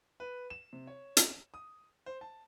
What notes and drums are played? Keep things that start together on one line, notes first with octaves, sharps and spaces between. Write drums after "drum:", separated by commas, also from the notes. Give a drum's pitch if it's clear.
B4
E7
C3
C#5
drum: hi-hat
D#6
C5
A5